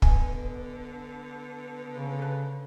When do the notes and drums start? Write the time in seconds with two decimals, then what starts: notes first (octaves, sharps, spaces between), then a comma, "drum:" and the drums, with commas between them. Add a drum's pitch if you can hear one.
0.02 D3 B3 D#5 G#5, drum: kick
1.89 C#3
2.19 A4 B4